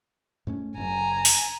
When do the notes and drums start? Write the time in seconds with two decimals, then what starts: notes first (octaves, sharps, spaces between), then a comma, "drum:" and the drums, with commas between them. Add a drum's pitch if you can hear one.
0.47 G#2 A3 C#4
0.78 F#1 F#2 C#3 G#5 A#5
1.25 drum: open hi-hat